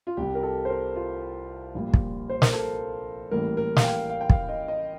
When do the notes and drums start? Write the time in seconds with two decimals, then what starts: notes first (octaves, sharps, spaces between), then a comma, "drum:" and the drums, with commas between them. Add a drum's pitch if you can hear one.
0.07 F4
0.17 C2 C3 G3 G4
0.35 A#4
0.43 A4
0.65 C5
0.70 A#4
0.96 F4
1.75 A#1 A#2 G3 A#3
1.94 drum: kick
2.30 C5
2.42 A#4, drum: snare
2.53 A4
3.31 A1 A2 G3 A#3 A#4
3.57 A#4
3.77 F5, drum: snare
3.84 G5
4.10 F5
4.21 G5
4.30 F5, drum: kick
4.49 D#5
4.68 D#5